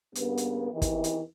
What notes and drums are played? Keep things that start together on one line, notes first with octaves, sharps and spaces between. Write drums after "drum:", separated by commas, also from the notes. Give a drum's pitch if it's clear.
G2 C#3 A#3 B3, drum: hi-hat
drum: hi-hat
E2 C3 D#3 E3
drum: kick, hi-hat
drum: hi-hat